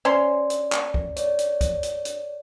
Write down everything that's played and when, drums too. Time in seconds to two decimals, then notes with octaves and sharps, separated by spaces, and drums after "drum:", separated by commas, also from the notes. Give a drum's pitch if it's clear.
0.05 C#4 C5 D5 C6
0.50 drum: hi-hat
0.72 drum: clap
0.94 drum: kick
1.16 C#5 D5, drum: hi-hat
1.39 drum: hi-hat
1.61 drum: kick, hi-hat
1.83 drum: hi-hat
2.05 drum: hi-hat